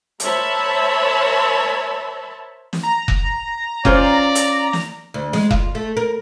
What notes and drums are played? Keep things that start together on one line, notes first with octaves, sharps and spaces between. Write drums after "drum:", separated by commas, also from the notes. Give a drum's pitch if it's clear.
A#4 C5 C#5 E5 A5 B5, drum: hi-hat
drum: snare
A#5
drum: kick F1
C#4 F4 C5 D5, drum: kick F1
drum: hi-hat
drum: snare
D2
G#3, drum: snare
F4, drum: kick F1
A3
A#4